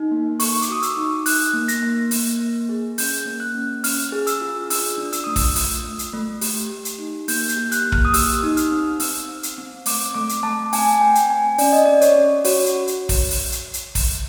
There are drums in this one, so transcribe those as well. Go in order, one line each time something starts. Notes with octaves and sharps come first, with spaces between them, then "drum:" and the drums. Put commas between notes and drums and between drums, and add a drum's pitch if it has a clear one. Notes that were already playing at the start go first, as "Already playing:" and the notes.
Already playing: D#4
A#3
A4 C#6, drum: open hi-hat
C#6
D6, drum: hi-hat
F#4 D#6
E6, drum: hi-hat
D#4
D#4 F#6, drum: open hi-hat
A#3
A#6, drum: hi-hat
A#3
A#3, drum: open hi-hat
A#3
G#4
C#4 G6, drum: open hi-hat
A#3
F#6
C#4
C#4 F6, drum: open hi-hat
G#4
E6, drum: hi-hat
F4
D4 E6, drum: open hi-hat
D4
E6, drum: hi-hat
A3 D#6
E6, drum: kick, open hi-hat
F4, drum: open hi-hat
A3
drum: hi-hat
A3
G4, drum: open hi-hat
G4
drum: hi-hat
D#4
A#3 G6, drum: open hi-hat
G6, drum: hi-hat
G4
F#6, drum: hi-hat
A#3
F6, drum: kick
D#6
G4 E6, drum: open hi-hat
D#4
F6, drum: hi-hat
C4
C4 E6, drum: open hi-hat
C4
drum: hi-hat
C4
A3 D6, drum: open hi-hat
A3 D6
drum: hi-hat
A3 A5
C4 G#5, drum: open hi-hat
C4 G5
drum: hi-hat
C4 G#5
C#4 D5, drum: open hi-hat
D#5
C#4 D5
C#5, drum: hi-hat
C#4
F#4 C#5, drum: open hi-hat
drum: hi-hat
drum: hi-hat
drum: kick, open hi-hat
drum: open hi-hat
drum: hi-hat
drum: hi-hat
drum: kick, open hi-hat